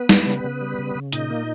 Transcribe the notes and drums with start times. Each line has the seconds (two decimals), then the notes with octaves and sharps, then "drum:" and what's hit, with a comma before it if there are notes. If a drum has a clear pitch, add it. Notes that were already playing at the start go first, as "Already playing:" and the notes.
Already playing: B3 B4
0.09 G3, drum: snare
0.27 C#3
0.44 C#3
0.61 G3
0.78 C#3
0.95 C#3
1.12 A#2 D#4 D#5, drum: hi-hat
1.30 A#3